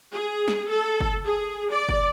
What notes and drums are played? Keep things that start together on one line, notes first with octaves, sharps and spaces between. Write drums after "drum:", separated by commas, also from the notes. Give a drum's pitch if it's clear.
G#4
drum: snare
A4
drum: kick F#1
G#4
D5
drum: kick F#1